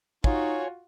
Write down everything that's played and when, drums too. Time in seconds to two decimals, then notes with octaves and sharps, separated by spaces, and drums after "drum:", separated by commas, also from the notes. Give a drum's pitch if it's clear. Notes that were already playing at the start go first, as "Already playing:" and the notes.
0.24 D#4 F4 F#4 C#5 G#5, drum: kick